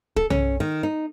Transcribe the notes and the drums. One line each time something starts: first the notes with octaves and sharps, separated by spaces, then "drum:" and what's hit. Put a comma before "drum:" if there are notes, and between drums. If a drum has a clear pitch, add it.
A4, drum: kick
C#4, drum: tom B1
D#3
D#4